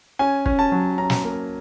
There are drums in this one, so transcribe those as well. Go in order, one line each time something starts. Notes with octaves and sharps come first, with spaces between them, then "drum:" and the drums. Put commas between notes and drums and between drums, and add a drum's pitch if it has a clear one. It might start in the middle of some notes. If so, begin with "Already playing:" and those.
C#4 G#5
C#4, drum: kick
A5
F#3
C#4 A#5
drum: snare
A#3